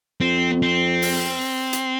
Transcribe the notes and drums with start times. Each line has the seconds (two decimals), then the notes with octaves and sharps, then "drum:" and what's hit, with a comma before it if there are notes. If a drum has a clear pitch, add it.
0.20 F2 C4
0.62 C4
1.02 drum: open hi-hat
1.73 drum: hi-hat